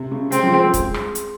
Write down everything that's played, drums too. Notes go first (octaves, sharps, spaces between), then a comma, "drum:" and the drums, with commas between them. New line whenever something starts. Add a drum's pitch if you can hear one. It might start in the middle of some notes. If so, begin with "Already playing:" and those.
Already playing: C3
C#3
C#3 C4, drum: hi-hat
F3
G#3
G#3
drum: kick, hi-hat
drum: rim click
drum: hi-hat